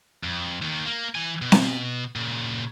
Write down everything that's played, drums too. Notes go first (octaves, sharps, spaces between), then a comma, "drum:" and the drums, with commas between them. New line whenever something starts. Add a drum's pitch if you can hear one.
F2
D#2 D#3
A#3
E3 G#5
B2
drum: snare C4
A#2 C#3